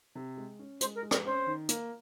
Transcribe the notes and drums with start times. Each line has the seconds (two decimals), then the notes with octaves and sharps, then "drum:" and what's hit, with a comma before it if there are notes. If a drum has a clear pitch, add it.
0.15 C3
0.37 G#3
0.59 C#4
0.81 G#3 C5, drum: hi-hat
0.95 A#4
1.03 G#3
1.11 A#4, drum: rim click
1.25 C#4 C5
1.47 D#3
1.69 A#3, drum: hi-hat